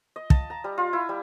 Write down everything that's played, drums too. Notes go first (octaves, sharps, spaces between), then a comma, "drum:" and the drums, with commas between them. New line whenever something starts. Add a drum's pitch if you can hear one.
D#5
A5, drum: kick
A#5
G3
F4
E4
G3